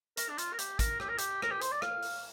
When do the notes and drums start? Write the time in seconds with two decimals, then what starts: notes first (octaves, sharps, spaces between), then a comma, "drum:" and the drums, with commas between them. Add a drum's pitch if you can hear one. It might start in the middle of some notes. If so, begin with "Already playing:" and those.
0.17 A#4, drum: hi-hat
0.29 D4
0.38 F4, drum: hi-hat
0.53 A#4
0.59 G4, drum: hi-hat
0.79 A#4, drum: kick A1, hi-hat
1.00 G4, drum: rim click
1.09 A#4
1.18 G4, drum: hi-hat
1.42 A#4, drum: rim click
1.51 G4
1.61 C5, drum: hi-hat
1.72 D5
1.82 F5, drum: rim click
2.02 drum: open hi-hat